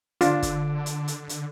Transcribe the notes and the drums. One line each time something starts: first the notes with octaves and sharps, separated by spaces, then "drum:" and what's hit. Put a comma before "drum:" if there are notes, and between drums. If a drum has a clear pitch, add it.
D3 D4 F4, drum: hi-hat
drum: kick, hi-hat
drum: hi-hat
drum: hi-hat
drum: hi-hat